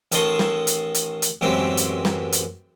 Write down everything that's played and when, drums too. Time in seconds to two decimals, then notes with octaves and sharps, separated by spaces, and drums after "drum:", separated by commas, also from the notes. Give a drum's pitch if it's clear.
0.12 A1 D#3 A4 D#5 C6 C#6, drum: hi-hat
0.39 drum: snare
0.67 drum: hi-hat
0.94 drum: hi-hat
1.22 drum: hi-hat
1.41 A1 F#2 E3 G#3 C4 G4
1.77 drum: hi-hat
2.05 drum: snare
2.32 drum: hi-hat